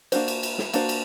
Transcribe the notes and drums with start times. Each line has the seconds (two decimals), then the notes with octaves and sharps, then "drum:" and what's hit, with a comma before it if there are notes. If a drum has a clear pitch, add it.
0.12 A#3 D4 F#4 C5, drum: cymbal
0.28 drum: cymbal
0.43 drum: cymbal
0.58 drum: snare
0.73 A#3 D4 F#4 C5, drum: cymbal
0.89 drum: cymbal